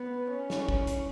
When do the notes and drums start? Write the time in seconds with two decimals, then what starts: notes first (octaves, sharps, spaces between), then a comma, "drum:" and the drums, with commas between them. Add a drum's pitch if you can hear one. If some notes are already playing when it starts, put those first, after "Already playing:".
Already playing: B3
0.32 C#4
0.50 drum: snare
0.69 drum: kick
0.87 drum: hi-hat